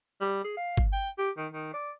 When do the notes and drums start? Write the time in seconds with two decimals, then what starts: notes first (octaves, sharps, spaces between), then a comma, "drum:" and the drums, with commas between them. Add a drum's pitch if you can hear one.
0.21 G3
0.44 G#4
0.57 F5
0.77 drum: kick G1
0.93 G5
1.19 G4
1.37 D#3
1.53 D#3
1.74 D5